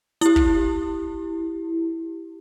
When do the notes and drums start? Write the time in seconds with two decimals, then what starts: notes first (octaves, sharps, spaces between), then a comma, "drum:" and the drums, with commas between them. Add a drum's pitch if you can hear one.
0.21 E4 G4, drum: hi-hat
0.36 drum: kick